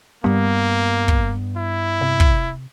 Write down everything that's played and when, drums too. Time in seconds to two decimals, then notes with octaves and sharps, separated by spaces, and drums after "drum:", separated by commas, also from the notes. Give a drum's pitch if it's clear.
0.24 G2 G3 A#3 B3
1.08 drum: kick
1.57 E4
2.01 C3
2.20 drum: kick